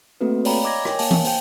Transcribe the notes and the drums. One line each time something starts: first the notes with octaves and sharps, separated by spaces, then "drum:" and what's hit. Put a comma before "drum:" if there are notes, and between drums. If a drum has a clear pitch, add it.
A3 A#3 C4 F#4 A4 B4
C#5 D5 F5 G5 A#5 B5, drum: open hi-hat
D#5 D6 G#6 A#6
A#4 C#5 G5 G#5, drum: rim click
A#3 F5 G#5 A5, drum: open hi-hat
drum: tom E3
C5 G5, drum: open hi-hat